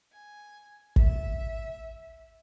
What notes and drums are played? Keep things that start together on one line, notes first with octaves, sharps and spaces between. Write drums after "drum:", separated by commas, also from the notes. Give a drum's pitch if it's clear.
G#5
E5, drum: kick